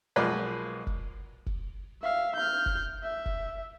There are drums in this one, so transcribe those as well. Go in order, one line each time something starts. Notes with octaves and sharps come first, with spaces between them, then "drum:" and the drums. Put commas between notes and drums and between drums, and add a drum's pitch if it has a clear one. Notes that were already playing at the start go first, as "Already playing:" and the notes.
B1 F3 G#3 A#3 B4 D5
drum: kick
drum: kick
E5 F5
F6 G6
drum: kick
E5
drum: kick